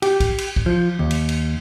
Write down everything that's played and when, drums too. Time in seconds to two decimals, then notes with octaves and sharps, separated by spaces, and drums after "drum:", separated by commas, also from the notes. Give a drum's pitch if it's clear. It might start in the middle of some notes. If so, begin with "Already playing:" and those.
0.02 G4, drum: cymbal
0.20 drum: kick B1, cymbal
0.38 drum: cymbal
0.56 drum: kick B1
0.66 F3
0.99 D#2
1.11 drum: cymbal
1.29 drum: cymbal